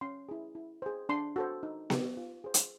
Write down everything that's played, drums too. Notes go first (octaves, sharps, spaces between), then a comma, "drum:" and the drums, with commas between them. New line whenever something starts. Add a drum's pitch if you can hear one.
C#4 C6
E4 G#4
E4
G#4 C5
D4 C6
F#4 A4 C5
D#4
G4 B4, drum: snare B3
F4
G#4 C5
drum: hi-hat